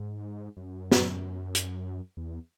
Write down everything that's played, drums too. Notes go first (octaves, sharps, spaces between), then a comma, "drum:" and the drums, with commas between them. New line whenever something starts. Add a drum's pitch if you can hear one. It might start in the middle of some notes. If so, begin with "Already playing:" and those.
Already playing: G#2
F#2
drum: snare
drum: hi-hat
E2